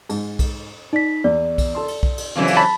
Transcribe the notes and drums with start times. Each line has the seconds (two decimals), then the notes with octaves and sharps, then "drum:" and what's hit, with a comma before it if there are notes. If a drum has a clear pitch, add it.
0.10 G#2, drum: cymbal
0.39 drum: kick B1, cymbal
0.93 D#4 D5 B6
1.24 E2 D5
1.58 drum: kick B1, cymbal
1.75 A4 A5 C6
1.88 drum: cymbal
2.03 drum: kick B1
2.18 drum: cymbal
2.36 F2 C#3 E3 F#3 C4 F5
2.47 drum: cymbal
2.57 A5 B5